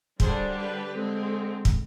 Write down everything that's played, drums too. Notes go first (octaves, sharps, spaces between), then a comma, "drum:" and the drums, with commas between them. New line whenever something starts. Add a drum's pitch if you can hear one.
D3 G3 D4 G#4 C5, drum: kick
G4 B4
D3 G#3 C4
drum: kick